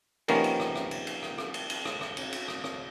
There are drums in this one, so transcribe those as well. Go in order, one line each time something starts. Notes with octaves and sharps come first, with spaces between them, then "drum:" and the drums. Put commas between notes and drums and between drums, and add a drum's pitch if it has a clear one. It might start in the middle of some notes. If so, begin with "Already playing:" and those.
C3 D#3 F3 A#3 B3 C#4, drum: cymbal
drum: cymbal
drum: rim click
drum: rim click
drum: cymbal
drum: cymbal
drum: rim click
drum: rim click
drum: cymbal
drum: cymbal
drum: rim click
drum: rim click
drum: cymbal
drum: cymbal
drum: rim click
drum: rim click